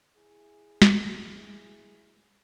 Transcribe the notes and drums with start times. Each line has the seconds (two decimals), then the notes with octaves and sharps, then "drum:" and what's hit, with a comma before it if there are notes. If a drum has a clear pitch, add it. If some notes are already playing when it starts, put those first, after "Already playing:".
0.17 E4 G#4
0.82 drum: snare